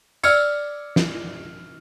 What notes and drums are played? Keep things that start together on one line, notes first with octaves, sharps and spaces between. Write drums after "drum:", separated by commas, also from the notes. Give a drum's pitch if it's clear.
D5 E6 F6 G#6 C#7, drum: tambourine
drum: snare